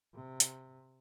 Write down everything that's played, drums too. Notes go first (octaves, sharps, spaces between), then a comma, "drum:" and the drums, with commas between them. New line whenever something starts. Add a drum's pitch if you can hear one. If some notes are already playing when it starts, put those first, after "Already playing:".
C3
drum: hi-hat